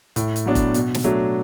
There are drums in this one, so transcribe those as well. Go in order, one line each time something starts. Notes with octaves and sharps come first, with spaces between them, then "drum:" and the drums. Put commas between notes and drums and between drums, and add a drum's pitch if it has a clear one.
A2, drum: hi-hat
drum: hi-hat
F#3 B3 D4
drum: kick F1, hi-hat
B2, drum: hi-hat
drum: snare
F#3 A3 D4